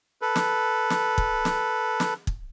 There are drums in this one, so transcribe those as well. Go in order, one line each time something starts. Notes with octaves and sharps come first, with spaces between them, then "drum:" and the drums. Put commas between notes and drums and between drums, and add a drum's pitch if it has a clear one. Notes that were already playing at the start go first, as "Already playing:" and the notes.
A4 B4
drum: snare
drum: snare
drum: kick
drum: snare
drum: snare
drum: kick